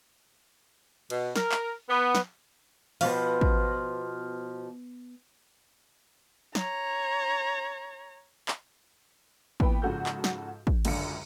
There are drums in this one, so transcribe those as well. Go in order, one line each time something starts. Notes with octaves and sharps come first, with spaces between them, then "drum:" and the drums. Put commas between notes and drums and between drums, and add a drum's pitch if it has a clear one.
B2, drum: cymbal
A#4, drum: snare
drum: clap
B3
drum: snare
B2 F3 B3 F5, drum: open hi-hat
drum: kick
C#5 A#5, drum: snare
drum: clap
A#2 B3 E4 G5 B5, drum: kick
G#2 C#3 F3 F#4 A4 G6
drum: clap
drum: snare
drum: kick
C#2 F#2 D3 D4 F5 C#7, drum: cymbal